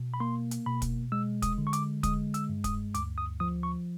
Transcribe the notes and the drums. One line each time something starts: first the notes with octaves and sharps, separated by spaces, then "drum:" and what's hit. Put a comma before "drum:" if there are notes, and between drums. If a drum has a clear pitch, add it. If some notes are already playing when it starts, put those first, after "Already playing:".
Already playing: B2
B5
A#3 C6
drum: hi-hat
B2 B5
drum: kick, hi-hat
G#3 E6
D#6, drum: kick, hi-hat
D3
C#6
D6, drum: hi-hat
G#3 D#6, drum: kick, hi-hat
E6, drum: hi-hat
G2
D#6, drum: kick, hi-hat
D2 D6, drum: hi-hat
D#6
F3 D#6
C#6